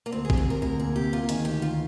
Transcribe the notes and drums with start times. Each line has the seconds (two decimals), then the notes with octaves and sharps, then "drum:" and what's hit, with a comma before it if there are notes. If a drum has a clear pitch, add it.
0.06 A#3
0.12 D2 C4
0.25 G#4
0.30 C3, drum: kick
0.37 G#4
0.46 C3 A#4
0.62 D2 A#4
0.79 A#3 G#4
0.96 C3 G4
1.12 A#3 F4
1.29 D#3 G#4, drum: hi-hat
1.45 D2 G4
1.61 D#3 F4